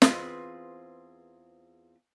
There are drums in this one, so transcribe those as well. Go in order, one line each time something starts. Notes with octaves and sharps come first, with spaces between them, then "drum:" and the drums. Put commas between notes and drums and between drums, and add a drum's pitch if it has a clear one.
E2 C4 F4 G#4 B4 C5, drum: snare